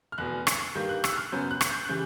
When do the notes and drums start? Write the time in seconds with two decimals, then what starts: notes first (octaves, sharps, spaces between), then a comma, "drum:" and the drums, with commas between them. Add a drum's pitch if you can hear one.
0.12 F6
0.18 F1 E2 B2 F#6
0.47 drum: rim click
0.75 G2 D#3 G3 A#3 G6
0.89 F#6
1.04 E6, drum: rim click
1.12 F#6
1.18 F6
1.32 F#2 C#3 F#3 B3 G6
1.51 F#6
1.61 drum: rim click
1.70 G6
1.85 F#6
1.89 C#3 E3 G3 G6